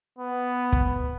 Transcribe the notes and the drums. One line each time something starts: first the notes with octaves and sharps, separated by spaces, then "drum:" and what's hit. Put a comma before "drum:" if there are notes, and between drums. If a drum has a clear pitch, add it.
B3
drum: kick